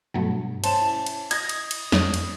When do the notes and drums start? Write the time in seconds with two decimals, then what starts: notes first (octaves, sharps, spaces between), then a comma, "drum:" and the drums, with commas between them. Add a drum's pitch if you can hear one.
0.14 G2 B2 F#3 A3 B3
0.64 C#4 C5 A5 E7, drum: cymbal
0.82 E4
1.07 drum: cymbal
1.31 D#5 G#6 A#6, drum: cymbal
1.49 drum: cymbal
1.71 drum: cymbal
1.92 F2 C#5, drum: snare
2.14 drum: cymbal